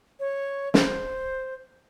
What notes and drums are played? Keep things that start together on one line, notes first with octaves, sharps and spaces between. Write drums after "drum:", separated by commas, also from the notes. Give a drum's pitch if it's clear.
C#5
C5, drum: snare